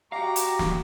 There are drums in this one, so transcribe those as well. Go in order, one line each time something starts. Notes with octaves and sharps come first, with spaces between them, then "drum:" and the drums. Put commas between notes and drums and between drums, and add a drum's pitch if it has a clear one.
F#4 G4 F5 G5 A#5
drum: hi-hat
drum: snare